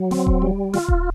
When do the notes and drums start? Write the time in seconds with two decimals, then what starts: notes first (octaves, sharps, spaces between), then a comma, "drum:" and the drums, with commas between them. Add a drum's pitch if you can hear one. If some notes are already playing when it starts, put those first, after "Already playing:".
Already playing: F#3
0.11 C4, drum: snare
0.27 drum: kick D#1
0.42 G3
0.74 F4, drum: snare
0.88 drum: kick D#1